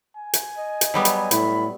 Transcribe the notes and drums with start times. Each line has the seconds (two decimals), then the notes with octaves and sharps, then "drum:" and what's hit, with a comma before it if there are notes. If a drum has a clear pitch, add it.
0.17 G#5
0.34 drum: hi-hat
0.57 D#5
0.81 drum: hi-hat
0.94 F#3 G3 B3
1.05 drum: hi-hat
1.31 A2 B5, drum: hi-hat